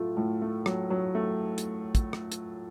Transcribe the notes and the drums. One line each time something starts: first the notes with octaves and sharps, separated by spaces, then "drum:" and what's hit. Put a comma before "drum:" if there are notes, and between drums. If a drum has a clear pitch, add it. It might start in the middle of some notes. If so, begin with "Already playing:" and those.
Already playing: A2 F#3 A3 F4
A2
A3
F#3, drum: rim click
F#3
A3
drum: hi-hat
drum: kick, hi-hat
drum: rim click
drum: hi-hat